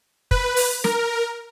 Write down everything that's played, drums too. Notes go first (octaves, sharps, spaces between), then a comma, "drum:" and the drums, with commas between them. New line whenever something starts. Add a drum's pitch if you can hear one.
B4, drum: kick
drum: open hi-hat
A#4, drum: snare